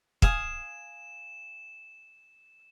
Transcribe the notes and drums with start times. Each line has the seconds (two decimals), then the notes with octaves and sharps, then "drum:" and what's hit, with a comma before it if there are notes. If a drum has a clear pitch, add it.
0.22 F5 G#5 D#6 E7, drum: kick